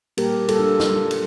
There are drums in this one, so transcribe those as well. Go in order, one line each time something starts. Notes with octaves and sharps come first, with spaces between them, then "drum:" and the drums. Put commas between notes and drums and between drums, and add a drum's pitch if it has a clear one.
A#2 G3 A#3 G4 A#4, drum: cymbal
C#3 G3 A#3 F4 A4, drum: cymbal
D4 F4
drum: snare
drum: cymbal